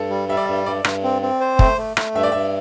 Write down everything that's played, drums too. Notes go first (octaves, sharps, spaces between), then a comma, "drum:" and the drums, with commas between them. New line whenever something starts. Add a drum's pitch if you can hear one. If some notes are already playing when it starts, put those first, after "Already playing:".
Already playing: G2 A4
G3
G3 E5
D5
G2 E5
G2 D5
G2, drum: rim click
C4
C4
C5
A3, drum: kick
A3
A3, drum: rim click
G2 E5
D5
G2 E5